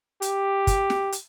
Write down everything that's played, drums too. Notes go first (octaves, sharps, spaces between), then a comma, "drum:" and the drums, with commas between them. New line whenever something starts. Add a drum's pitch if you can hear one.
G4, drum: hi-hat
drum: kick, hi-hat
drum: snare
drum: hi-hat